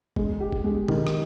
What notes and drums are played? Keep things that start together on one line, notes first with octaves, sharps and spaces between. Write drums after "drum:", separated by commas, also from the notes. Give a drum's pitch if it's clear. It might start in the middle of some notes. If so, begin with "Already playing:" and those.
G#3, drum: kick
G4
drum: kick
G#3
D#3, drum: tom B2
drum: rim click